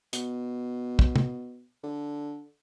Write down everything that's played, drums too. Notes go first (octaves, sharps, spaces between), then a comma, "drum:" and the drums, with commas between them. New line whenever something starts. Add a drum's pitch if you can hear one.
B2, drum: hi-hat
drum: kick
drum: tom
D3